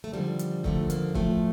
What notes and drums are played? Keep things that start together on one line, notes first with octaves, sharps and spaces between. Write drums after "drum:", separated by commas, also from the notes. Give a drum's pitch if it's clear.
A3
D#2 D3 F3 G3
drum: hi-hat
D#2 D3 F3 A3, drum: kick C#1
A#3, drum: hi-hat
A2 F3 A3, drum: kick C#1